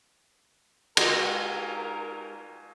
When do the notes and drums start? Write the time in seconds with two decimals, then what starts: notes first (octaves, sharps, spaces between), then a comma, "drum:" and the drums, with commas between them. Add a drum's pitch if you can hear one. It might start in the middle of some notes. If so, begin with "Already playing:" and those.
0.97 G#3 F#4 G4 A#4, drum: cymbal